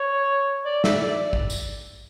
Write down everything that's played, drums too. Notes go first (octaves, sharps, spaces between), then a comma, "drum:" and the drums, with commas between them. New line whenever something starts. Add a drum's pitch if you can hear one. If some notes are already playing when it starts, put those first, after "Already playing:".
Already playing: C#5
D5
E5, drum: snare
D5
drum: kick
drum: tambourine